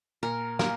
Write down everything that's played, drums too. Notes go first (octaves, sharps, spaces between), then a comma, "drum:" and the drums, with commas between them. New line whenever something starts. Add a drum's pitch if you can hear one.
A#2 A#4
A#3 A#4, drum: snare